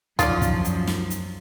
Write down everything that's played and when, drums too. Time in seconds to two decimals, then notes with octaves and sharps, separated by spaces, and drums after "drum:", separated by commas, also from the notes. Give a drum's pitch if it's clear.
0.19 F#2 F3 D#4 F4 C#5 D5, drum: kick, hi-hat
0.42 drum: kick, hi-hat
0.65 drum: hi-hat
0.87 drum: snare
1.10 drum: hi-hat